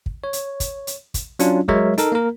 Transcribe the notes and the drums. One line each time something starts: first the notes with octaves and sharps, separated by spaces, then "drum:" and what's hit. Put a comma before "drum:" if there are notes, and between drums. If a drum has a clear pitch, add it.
drum: kick
C#5
drum: hi-hat
drum: kick, hi-hat
drum: hi-hat
drum: kick, hi-hat
F#3 C#4 D4 F4, drum: hi-hat
F#3 G#3 A#4 C#5 E5, drum: kick
D#4 A4 A#4, drum: hi-hat
A#3 A#4